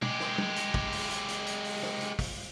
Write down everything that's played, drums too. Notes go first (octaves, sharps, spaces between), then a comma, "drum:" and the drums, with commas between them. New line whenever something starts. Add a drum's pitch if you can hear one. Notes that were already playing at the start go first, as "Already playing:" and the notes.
G#3 G4, drum: tom
drum: snare
drum: tom
drum: hi-hat
drum: kick
drum: open hi-hat
drum: hi-hat
drum: hi-hat
drum: hi-hat
drum: open hi-hat
drum: snare
drum: hi-hat
drum: kick, open hi-hat